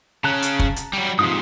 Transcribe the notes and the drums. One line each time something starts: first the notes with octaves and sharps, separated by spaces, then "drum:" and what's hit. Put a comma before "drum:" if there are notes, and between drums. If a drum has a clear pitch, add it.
C#3 C#4 A5 A#5 F#6
drum: hi-hat
drum: kick
drum: hi-hat
F#3 G3
G#2 C3 F3 F4 D#6